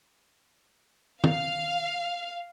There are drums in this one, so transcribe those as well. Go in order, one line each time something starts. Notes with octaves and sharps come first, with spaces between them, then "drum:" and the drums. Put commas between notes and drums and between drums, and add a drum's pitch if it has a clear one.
F5, drum: tom